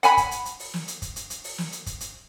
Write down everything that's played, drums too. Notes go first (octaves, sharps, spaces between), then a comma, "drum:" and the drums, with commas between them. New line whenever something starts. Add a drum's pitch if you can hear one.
F#5 G#5 B5, drum: hi-hat
drum: kick, hi-hat
drum: hi-hat
drum: hi-hat
drum: open hi-hat
drum: snare
drum: hi-hat
drum: kick, hi-hat
drum: hi-hat
drum: hi-hat
drum: open hi-hat
drum: snare
drum: hi-hat
drum: kick, hi-hat
drum: hi-hat